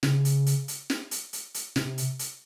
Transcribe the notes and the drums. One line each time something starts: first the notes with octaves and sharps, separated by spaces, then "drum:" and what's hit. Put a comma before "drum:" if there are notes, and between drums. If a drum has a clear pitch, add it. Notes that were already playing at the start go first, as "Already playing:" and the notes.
C#3, drum: snare
drum: hi-hat
drum: hi-hat
drum: hi-hat
drum: snare
drum: hi-hat
drum: hi-hat
drum: hi-hat
C3, drum: snare
drum: hi-hat
drum: hi-hat